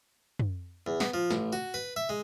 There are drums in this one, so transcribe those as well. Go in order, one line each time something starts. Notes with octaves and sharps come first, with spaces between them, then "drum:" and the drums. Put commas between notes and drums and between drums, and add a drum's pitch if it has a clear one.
drum: tom
E2
B3, drum: snare
F3
A1, drum: snare
F#4
B4
E5
G#3